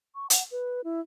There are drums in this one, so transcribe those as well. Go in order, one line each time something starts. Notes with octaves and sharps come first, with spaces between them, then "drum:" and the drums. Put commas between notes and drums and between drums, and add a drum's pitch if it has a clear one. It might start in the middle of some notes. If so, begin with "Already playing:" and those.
C#6
F#5, drum: hi-hat
B4
E4